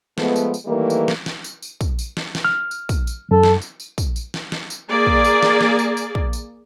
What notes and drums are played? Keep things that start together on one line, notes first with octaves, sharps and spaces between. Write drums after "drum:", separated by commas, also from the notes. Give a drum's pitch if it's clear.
F3 G#3 A3 B3, drum: snare
drum: tambourine
drum: tambourine
D#3 E3 G3 A3 A#3
drum: tambourine
drum: snare
drum: snare
drum: tambourine
drum: tambourine
drum: kick, tambourine
drum: tambourine
drum: snare
drum: snare
F6
drum: tambourine
drum: kick, tambourine
drum: tambourine
F#2 A4
drum: snare
drum: tambourine
drum: tambourine
drum: kick, tambourine
drum: tambourine
drum: snare
drum: snare
drum: tambourine
A#3 G#4 D5
drum: kick
drum: tambourine
drum: snare
drum: snare
drum: tambourine
drum: tambourine
drum: kick
drum: tambourine